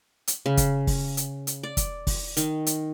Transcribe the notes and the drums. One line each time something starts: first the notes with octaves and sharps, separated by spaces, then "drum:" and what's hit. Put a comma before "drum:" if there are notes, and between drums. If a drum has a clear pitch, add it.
drum: hi-hat
C#3
drum: kick, hi-hat
drum: kick, open hi-hat
drum: hi-hat
drum: hi-hat
D5
drum: kick, hi-hat
drum: kick, open hi-hat
D#3, drum: hi-hat
drum: hi-hat